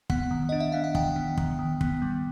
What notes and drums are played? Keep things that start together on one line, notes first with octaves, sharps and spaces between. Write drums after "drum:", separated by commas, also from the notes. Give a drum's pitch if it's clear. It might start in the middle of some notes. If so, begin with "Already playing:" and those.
B3 F#5, drum: kick
D#3
D4 D#5
E5
B3 F5
F#5
D#3 G5, drum: kick
B3
D#3, drum: kick
D#3
B3, drum: kick
G3